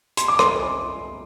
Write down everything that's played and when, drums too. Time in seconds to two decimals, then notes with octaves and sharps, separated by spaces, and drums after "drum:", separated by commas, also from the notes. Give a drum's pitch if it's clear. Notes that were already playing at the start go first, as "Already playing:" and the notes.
0.17 C6, drum: hi-hat
0.28 D6
0.39 C6, drum: rim click